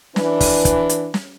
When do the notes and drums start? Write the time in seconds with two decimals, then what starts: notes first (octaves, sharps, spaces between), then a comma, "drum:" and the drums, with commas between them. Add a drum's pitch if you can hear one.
0.16 E3 D4 B4, drum: snare
0.40 drum: kick, open hi-hat
0.65 drum: kick, hi-hat
0.89 drum: hi-hat
1.14 drum: snare